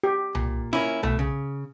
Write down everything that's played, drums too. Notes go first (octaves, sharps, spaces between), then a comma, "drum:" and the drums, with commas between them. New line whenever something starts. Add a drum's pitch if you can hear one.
G4
A#2, drum: tom C2
A#3 C#4 E4, drum: snare F4
B2 A3, drum: tom C2
C#3